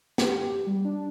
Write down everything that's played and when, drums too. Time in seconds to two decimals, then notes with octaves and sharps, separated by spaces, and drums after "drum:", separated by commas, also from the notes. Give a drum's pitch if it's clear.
0.18 G4, drum: snare
0.67 G3
0.85 D4